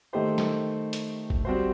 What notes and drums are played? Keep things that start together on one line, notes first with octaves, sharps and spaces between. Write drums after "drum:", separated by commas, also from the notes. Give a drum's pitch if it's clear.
D#3 A3 D#4 G4 C5
drum: snare
drum: hi-hat
drum: kick
G3 C4 F#4 C5